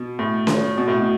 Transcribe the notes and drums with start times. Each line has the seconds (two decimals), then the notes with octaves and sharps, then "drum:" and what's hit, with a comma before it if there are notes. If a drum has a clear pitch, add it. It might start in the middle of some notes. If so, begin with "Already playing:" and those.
Already playing: B2
0.19 A2
0.47 drum: snare C#4
0.78 B2
0.88 A2
1.00 B2